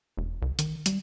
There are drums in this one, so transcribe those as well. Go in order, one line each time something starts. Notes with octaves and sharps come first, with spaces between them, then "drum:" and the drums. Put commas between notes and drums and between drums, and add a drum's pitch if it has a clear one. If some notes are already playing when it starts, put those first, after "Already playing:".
E1
C2
D#3, drum: hi-hat
G3, drum: hi-hat